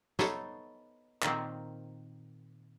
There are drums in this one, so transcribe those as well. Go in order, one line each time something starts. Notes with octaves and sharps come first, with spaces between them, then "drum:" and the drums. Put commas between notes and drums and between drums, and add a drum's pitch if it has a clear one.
B3 D#4 A4 C5 C#5 E5, drum: snare
A#2 D#3 A#3 C4, drum: clap